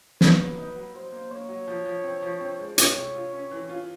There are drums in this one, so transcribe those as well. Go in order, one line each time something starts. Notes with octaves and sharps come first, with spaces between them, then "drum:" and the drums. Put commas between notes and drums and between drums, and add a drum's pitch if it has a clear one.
A#3 B4, drum: snare
F#3
D#4
F#3
F#3 C5
A#3
A#3 C#5
F#3
F3
F3
C4
F3
C4
G#3
C3 C#5, drum: hi-hat
C3
F4
C#4
E3
F4